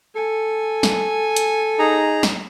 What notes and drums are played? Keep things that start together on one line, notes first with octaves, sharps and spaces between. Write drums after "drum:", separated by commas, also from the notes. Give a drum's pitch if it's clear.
A4 G#5
drum: snare
drum: hi-hat
D#4 G#4 A#5
drum: snare